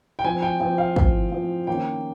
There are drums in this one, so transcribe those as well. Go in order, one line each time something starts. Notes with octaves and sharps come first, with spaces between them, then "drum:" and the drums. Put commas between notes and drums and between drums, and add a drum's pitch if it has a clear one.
G5
F3 C4 G#5
G5
F3 C4 G5
F5
F3 C4, drum: kick
F3 C4
D#3 A#3 C#4 G5